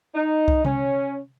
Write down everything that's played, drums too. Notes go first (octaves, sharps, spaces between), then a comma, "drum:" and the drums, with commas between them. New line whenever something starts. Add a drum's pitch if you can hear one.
D#4
drum: kick C2
C#4, drum: tom C3